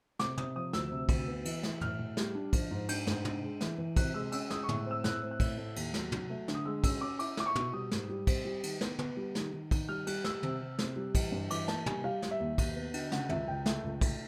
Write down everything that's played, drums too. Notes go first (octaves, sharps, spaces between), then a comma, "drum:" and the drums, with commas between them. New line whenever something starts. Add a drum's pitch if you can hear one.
C3 D6, drum: snare
C3 D#6, drum: tom
F3 D#6
D2 E6, drum: snare
C3
D2, drum: kick, cymbal
B3
E3, drum: cymbal
E3, drum: snare
A2 F6, drum: tom
A2
G3, drum: snare
D4
F3, drum: kick, cymbal
G#2
D4 G6, drum: cymbal
G#2, drum: snare
D4, drum: tom
G#3
E3, drum: snare
E3
C3 F#6, drum: kick, cymbal
G#3 E6
C#4 E6, drum: cymbal
G#3 D#6, drum: snare
C#6
A2, drum: tom
C4 E6
A2 F#6, drum: snare
C4
F#6
A2, drum: kick, cymbal
A3
D#2, drum: cymbal
F#3, drum: snare
F#3, drum: tom
A3
D3, drum: snare
D#6
G#3 E6
C#4 E6, drum: kick, cymbal
C#4 D6
E4 D6, drum: cymbal
E4 D6, drum: snare
C#6
B2, drum: tom
G3 D#6
G#2, drum: snare
G3
C4, drum: kick, cymbal
G3
D#3, drum: cymbal
B3, drum: snare
B3, drum: tom
G3
D#3, drum: snare
D#3
D#3, drum: kick, cymbal
G3 F6
G3 F#6, drum: cymbal
G3 E6, drum: snare
C3, drum: tom
C3
C3, drum: snare
G3
E3, drum: kick, cymbal
G2
E3 D6, drum: cymbal
A#3 A5, drum: snare
G3 G#5, drum: tom
G3 F5
G3, drum: snare
E5
D#2
D#2, drum: kick, cymbal
B3
D3, drum: cymbal
C#3 F#5, drum: snare
C#2 E5, drum: tom
C#2 G5
A3, drum: snare
C#2
A3, drum: kick, cymbal